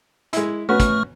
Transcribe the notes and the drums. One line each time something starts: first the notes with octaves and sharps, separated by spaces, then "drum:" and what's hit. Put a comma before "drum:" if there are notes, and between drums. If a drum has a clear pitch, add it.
G#3 E4, drum: hi-hat
A3 B3 C#4 F#4 C#6 F6
drum: kick, hi-hat